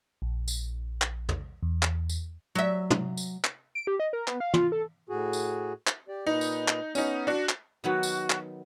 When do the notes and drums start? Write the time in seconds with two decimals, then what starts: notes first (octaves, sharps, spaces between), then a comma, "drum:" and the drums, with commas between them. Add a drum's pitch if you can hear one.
0.22 A#1
0.48 drum: tambourine
1.02 drum: clap
1.29 drum: tom
1.63 E2
1.83 drum: clap
2.09 drum: tambourine
2.55 F#3 E5
2.90 drum: tom
3.17 drum: tambourine
3.44 drum: clap
3.75 D7
3.87 G4
4.00 D#5
4.13 A#4
4.28 B3, drum: clap
4.40 F5
4.54 F4, drum: tom
4.72 A4
5.09 A2 F#4 G#4
5.33 drum: tambourine
5.87 drum: clap
6.08 G4 D5
6.27 A#2 D#4 B4
6.41 drum: tambourine
6.68 drum: clap
6.95 B3 C#4 D#4, drum: tambourine
7.27 D4 F#4
7.49 drum: clap
7.84 D#3 F#3 B3 F#4
8.03 drum: tambourine
8.30 drum: clap